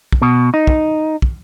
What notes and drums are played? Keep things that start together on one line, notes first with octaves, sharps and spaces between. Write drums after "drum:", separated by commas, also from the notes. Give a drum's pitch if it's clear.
drum: kick
B2
D#4
drum: kick
drum: kick